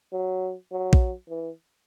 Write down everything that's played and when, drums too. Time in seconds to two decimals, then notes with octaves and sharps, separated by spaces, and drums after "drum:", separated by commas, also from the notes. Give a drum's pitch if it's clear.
0.13 F#3
0.71 F#3
0.93 drum: kick A#1
1.29 E3